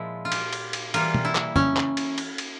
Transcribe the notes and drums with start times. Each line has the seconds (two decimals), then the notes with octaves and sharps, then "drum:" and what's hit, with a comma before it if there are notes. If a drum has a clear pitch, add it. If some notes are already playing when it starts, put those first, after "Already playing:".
Already playing: A#2 F3 G#3 E4
0.25 F4
0.32 G4, drum: cymbal
0.53 drum: cymbal
0.73 drum: cymbal
0.94 E3 G3 A#3 F4, drum: cymbal
1.14 drum: tom
1.25 E4
1.35 drum: clap
1.56 C#4, drum: tom
1.76 drum: clap
1.97 drum: cymbal
2.18 drum: cymbal
2.38 drum: cymbal